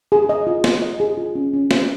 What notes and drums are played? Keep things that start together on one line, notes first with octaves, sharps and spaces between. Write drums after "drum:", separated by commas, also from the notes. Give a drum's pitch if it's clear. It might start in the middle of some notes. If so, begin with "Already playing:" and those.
G#4
D#5
F4
F4, drum: snare
D#5
G#4
F4
C#4
C#4
C5, drum: snare